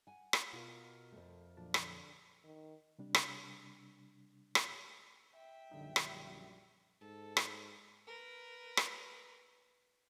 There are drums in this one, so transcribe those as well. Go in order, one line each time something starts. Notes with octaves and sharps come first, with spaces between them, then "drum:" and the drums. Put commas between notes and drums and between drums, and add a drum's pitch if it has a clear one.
F#5 G#5
drum: rim click
B2 F4 A#4
F2 A3
A#2 F3 F#3 D4
D3, drum: rim click
D#3
C3 G3 D4
drum: rim click
drum: rim click
E5 G5
A#1 F#2 D3 G3 D#4
drum: rim click
G#2 A4
drum: rim click
A#4 B4
drum: rim click